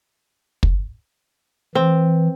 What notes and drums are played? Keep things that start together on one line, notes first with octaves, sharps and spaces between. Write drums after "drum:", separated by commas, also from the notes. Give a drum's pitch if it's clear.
drum: kick
E3 C4